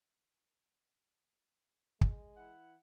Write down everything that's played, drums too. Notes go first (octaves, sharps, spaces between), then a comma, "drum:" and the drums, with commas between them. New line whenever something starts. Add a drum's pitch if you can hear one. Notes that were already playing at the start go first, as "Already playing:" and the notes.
G#3, drum: kick
E3 E4 F#5